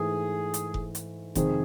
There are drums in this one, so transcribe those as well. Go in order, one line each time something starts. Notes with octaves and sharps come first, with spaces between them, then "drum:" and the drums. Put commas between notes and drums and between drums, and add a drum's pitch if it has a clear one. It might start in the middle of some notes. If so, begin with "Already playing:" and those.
Already playing: G#2 E3 A3 G#4
drum: hi-hat
drum: kick F1
drum: hi-hat
F2 C3 D#3 G#3 G#4, drum: kick F1, hi-hat